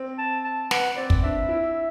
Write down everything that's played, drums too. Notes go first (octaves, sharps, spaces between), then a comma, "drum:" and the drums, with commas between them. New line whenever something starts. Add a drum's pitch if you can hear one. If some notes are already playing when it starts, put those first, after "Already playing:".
Already playing: C4
A5
A5
B4 F#5, drum: snare
C4 D5
drum: kick
D4 E5
E4